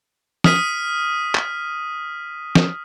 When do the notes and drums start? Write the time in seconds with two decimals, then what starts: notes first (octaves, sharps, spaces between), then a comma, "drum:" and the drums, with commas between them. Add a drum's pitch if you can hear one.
0.44 D#6 F6 B6 D#7, drum: snare
1.35 drum: clap
2.55 drum: snare